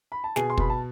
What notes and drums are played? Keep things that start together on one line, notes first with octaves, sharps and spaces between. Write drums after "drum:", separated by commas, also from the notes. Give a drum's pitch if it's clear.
B5
A5
B2 G#4 G#5, drum: snare
C6
B2 B5, drum: kick
A5